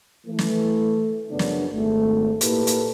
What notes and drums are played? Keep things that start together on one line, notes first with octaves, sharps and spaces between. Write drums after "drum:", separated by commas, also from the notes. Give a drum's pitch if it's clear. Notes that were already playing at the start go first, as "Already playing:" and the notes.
E3 A3
drum: snare
F#2 C#3 B3 D4
drum: snare
G#1 A3
A#2 A#3 E4 G4 A4 B4, drum: hi-hat
drum: hi-hat